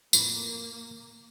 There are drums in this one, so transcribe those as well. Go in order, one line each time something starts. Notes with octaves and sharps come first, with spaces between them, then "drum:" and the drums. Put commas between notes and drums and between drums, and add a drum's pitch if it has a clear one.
F2 A2 A#3 B4, drum: tambourine